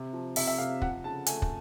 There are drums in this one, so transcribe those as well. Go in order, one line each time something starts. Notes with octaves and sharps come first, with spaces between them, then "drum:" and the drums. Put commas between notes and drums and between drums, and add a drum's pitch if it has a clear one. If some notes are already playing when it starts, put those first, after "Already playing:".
Already playing: C3
F3
C3 E5, drum: open hi-hat
E5
C3 F5
F3 F#5, drum: kick
C#3 A5
A3 G#5, drum: hi-hat
drum: kick